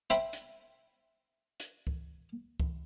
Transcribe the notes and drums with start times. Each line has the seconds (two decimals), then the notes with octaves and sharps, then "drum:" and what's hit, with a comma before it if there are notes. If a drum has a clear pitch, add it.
0.10 C5 E5 G5 B5, drum: hi-hat
0.33 drum: hi-hat
1.60 drum: hi-hat
1.87 drum: kick C#2
2.60 drum: kick C#2